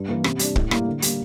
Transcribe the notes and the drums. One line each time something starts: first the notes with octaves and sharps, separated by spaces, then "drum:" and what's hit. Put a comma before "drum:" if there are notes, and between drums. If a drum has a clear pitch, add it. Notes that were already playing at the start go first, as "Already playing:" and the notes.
Already playing: G2
E3 A#3
C3, drum: rim click
G3 D4, drum: hi-hat
A2, drum: kick
G3 A#3 E4, drum: rim click
D3
G3 A#3, drum: hi-hat